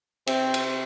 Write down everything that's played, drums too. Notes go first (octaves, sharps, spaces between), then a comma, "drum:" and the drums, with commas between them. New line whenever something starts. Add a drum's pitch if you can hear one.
C3 C4, drum: cymbal
drum: cymbal